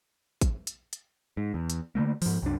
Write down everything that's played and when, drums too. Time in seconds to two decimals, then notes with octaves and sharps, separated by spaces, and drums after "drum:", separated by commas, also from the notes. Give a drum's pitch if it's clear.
0.41 drum: kick, hi-hat
0.67 drum: hi-hat
0.93 drum: hi-hat
1.37 G#2
1.54 E2
1.70 drum: hi-hat
1.95 D3 D#3 A3 A#3
2.22 G#2 F3, drum: open hi-hat
2.42 C2 F#2 D4